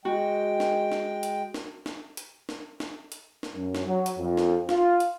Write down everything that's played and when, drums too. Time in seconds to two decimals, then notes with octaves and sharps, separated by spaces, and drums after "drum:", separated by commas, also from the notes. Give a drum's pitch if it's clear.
0.05 G#3 F#4 G5
0.60 drum: snare
0.92 drum: snare
1.23 drum: hi-hat
1.54 drum: snare
1.86 drum: snare
2.17 drum: hi-hat
2.49 drum: snare
2.80 drum: snare
3.12 drum: hi-hat
3.43 drum: snare
3.54 F#2
3.75 drum: snare
3.86 F#3
4.06 drum: hi-hat
4.17 F2
4.37 drum: snare
4.69 F4, drum: snare
5.00 drum: hi-hat